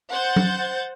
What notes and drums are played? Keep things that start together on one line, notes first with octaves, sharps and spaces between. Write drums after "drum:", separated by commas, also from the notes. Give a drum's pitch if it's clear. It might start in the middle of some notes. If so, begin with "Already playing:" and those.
C5 F#5 G6 A6
drum: tom